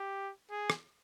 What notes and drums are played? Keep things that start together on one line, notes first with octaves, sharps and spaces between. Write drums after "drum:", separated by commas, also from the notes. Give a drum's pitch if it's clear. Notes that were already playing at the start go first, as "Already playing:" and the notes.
Already playing: G4
G#4
drum: rim click